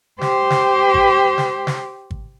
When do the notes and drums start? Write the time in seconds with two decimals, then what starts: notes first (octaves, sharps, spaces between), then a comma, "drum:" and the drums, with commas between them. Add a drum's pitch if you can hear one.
0.21 G4 C5, drum: snare
0.50 drum: snare
0.94 drum: kick
1.38 drum: snare
1.67 drum: snare
2.11 drum: kick